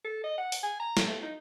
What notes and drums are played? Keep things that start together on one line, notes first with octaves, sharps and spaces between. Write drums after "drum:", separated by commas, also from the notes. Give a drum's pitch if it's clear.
A4
D#5
F#5
drum: open hi-hat
G#5
A#5
drum: snare
A3
D#4